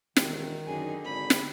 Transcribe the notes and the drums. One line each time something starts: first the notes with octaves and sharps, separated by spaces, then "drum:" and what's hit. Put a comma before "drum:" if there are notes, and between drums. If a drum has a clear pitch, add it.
E1 D#3, drum: snare
F#2 D3 D#4 G#4
G#1 B5
drum: snare